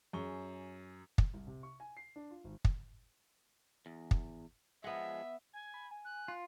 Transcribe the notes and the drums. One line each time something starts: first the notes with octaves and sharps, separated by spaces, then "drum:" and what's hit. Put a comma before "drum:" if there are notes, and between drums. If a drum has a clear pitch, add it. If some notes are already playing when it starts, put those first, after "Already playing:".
F#2 G#4 C#6 G7
drum: kick
C2
C3
C#6
G#5
C7
D4
F4
G#1
drum: kick
E2
drum: kick
F3 G#3 B3 E5 F#5
G#5 G#6
B5
G#5
F#6
F4